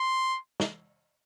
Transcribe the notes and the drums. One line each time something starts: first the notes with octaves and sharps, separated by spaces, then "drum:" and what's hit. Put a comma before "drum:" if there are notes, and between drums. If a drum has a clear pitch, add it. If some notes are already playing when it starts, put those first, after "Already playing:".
Already playing: C6
drum: snare